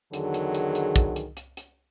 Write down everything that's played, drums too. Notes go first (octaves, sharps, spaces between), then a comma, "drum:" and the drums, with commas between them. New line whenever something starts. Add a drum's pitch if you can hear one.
E2 D3 D#3 F#3 G#4, drum: hi-hat
drum: hi-hat
drum: hi-hat
drum: hi-hat
drum: kick, hi-hat
drum: hi-hat
drum: hi-hat
drum: hi-hat